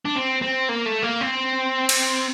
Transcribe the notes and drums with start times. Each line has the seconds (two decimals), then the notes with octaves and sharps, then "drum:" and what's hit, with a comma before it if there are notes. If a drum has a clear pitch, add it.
0.05 D4
0.16 C4
0.42 C4
0.69 A#3
0.86 A3
1.03 A#3
1.21 C4
1.89 drum: cymbal